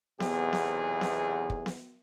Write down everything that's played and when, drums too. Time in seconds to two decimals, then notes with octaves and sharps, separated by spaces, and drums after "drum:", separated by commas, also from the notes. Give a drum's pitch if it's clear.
0.20 B1 E2 C3 B3 G#4, drum: snare B3
0.53 drum: snare B3
1.01 drum: snare B3
1.50 drum: kick
1.66 drum: snare B3